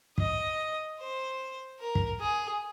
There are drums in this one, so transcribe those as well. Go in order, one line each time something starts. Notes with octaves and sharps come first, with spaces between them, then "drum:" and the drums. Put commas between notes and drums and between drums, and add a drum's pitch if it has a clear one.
D#5, drum: kick
C5
A#4
drum: kick
G#4